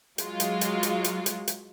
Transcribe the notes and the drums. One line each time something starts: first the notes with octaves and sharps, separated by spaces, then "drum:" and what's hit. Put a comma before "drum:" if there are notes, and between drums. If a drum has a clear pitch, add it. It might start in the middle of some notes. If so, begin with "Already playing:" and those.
F#3 G#3 F4, drum: hi-hat
drum: hi-hat
drum: hi-hat
drum: hi-hat
drum: hi-hat
drum: hi-hat
drum: hi-hat